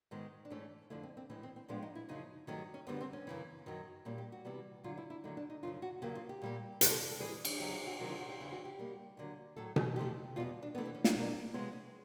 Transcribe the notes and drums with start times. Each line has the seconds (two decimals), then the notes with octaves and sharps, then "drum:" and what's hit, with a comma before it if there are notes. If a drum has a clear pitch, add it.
0.11 G#2 D#3 G#3 B3
0.45 D4
0.50 G#2 E3 A3 C#4
0.90 F2 D3 F3 A3 E4
1.03 C4
1.17 C4
1.30 A2 E3 G#3 C#4
1.43 C4
1.56 C4
1.68 A2 F3 G#3 B3 D4
1.82 D#4
1.95 E4
2.09 F#2 C#3 F3 D#4
2.47 G2 D#3 F#3 A3 C#4
2.74 C#4
2.87 F#2 D3 G3 B3 C4
3.01 C4
3.13 C#4
3.27 F#2 C#3 E3
3.66 F#2 D#3 F#3
4.05 A#2 G3 A#3 C#4
4.18 G4
4.32 F#4
4.45 C3 E3 G3 B3
4.84 G2 D3 F#3 F4
4.97 E4
5.10 E4
5.24 D#2 D3 F#3 A3 D#4
5.37 D4
5.50 D#4
5.63 F#2 C#3 F3 F4
5.82 F#4
6.02 E2 C#3 F#3 A#3 G4
6.15 F4
6.29 G4
6.42 A#2 G3 A#3
6.81 C3 E3 G3 G#4, drum: hi-hat
6.91 A4
7.11 A4
7.20 G#2 E3 G3 G#4
7.45 drum: cymbal
7.60 E2 C#3 F#3 G4
7.73 F#4
7.87 F#4
7.99 D2 C3 D#3 F#3 F#4
8.10 F4
8.19 F#4
8.29 G4
8.38 E2 C#3 E3
8.52 F#4
8.65 G4
8.78 B2 G3 A#3
9.17 D#2 D3 F#3 A#3
9.56 A2 F#3 A3 A4
9.76 G#4, drum: tom B2
9.96 F2 C3 F3 A3 G4
10.36 E2 B2 G3 B3 F4
10.63 D4
10.75 C3 E3 A3 B3
10.86 C4
10.95 C#4
11.04 D4, drum: snare
11.15 B2 F#3 A#3
11.53 C3 F3 G#3 B3 C#4
11.73 C#4